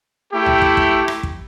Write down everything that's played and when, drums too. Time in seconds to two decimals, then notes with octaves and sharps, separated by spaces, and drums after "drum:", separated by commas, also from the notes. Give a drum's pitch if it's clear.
0.31 A3 E4 G4
0.46 drum: tom C2
0.62 drum: kick
0.77 drum: kick
1.08 drum: rim click
1.23 drum: kick